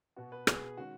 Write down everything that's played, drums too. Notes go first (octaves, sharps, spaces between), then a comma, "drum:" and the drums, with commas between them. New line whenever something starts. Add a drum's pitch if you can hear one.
B2 B3 F#4
B4
B2 B3 G#4, drum: rim click
D#3 G#3 C#4 F#4